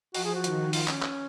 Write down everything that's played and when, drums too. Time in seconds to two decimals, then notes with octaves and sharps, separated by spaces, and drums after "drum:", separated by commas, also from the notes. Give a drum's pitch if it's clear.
0.14 F3 F#4, drum: open hi-hat
0.25 G#4
0.35 F#4
0.44 D#3, drum: hi-hat
0.73 F4, drum: open hi-hat
0.88 C#4, drum: clap
1.02 drum: clap